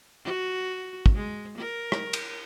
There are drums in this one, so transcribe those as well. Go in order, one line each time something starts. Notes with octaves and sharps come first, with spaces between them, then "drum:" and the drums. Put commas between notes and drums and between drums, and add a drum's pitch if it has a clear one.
F#4
drum: kick
G#3
A#4
drum: rim click
drum: cymbal